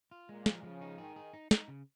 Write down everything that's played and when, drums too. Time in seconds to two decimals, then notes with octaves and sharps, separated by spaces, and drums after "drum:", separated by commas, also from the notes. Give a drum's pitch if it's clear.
0.11 F4
0.29 A#2 G#3
0.46 F3, drum: snare
0.63 C#3 F3
0.81 D#4
0.98 D#3 G#4
1.16 G#4
1.33 D#4
1.51 D#4, drum: snare
1.68 C#3